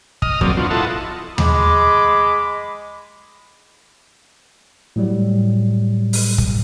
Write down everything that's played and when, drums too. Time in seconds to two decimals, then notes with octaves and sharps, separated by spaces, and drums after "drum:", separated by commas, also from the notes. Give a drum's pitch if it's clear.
0.22 D#5 D#6 F6, drum: kick
0.41 F#2 F#3 A#3 C4 D5, drum: kick
0.57 B3 D4 F4 F#4
0.71 E4 F4 A4 D#5 F#5 A5
1.38 G#3 B5 D6, drum: tom D#2
4.96 A2 F#3 G3
6.13 drum: open hi-hat
6.38 drum: kick